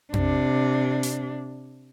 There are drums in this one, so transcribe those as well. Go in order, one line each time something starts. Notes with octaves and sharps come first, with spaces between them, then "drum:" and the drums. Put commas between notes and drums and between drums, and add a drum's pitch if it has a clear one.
C3 D4, drum: tom F2
drum: hi-hat